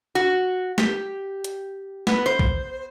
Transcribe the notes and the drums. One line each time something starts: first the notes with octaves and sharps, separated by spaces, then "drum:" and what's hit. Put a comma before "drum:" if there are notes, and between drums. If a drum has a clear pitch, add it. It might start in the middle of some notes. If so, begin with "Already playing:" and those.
F#4
G4, drum: snare
drum: hi-hat
B3, drum: snare
C5
drum: kick